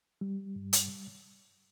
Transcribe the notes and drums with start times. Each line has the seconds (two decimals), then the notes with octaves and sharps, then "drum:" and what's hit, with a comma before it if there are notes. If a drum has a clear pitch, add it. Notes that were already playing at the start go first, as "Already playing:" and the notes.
0.21 G3
0.56 G2
0.73 drum: hi-hat